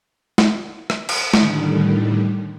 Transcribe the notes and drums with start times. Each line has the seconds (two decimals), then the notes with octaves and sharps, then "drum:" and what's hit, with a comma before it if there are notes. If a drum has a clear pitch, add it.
0.38 drum: snare
0.90 drum: rim click
1.09 drum: cymbal
1.34 A2 D3 D#3 G3, drum: snare